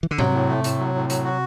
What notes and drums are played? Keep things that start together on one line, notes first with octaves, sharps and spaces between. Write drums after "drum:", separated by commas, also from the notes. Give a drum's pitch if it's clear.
E3
D3
C3 F#3, drum: tom G#2
A2
A3
A2, drum: hi-hat
F#3
A2
F#3, drum: hi-hat
F#4